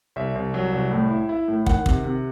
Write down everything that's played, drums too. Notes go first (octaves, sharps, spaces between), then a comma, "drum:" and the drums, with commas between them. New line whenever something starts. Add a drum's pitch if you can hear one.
C2 E5
C2
F#3
C2
A2
E4
E4
A2
D#3 F#5, drum: kick
C3, drum: kick
C3